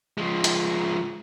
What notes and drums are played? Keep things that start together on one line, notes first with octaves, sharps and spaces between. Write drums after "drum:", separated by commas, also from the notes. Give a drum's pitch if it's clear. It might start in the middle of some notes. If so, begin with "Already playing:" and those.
F3 G#3
drum: hi-hat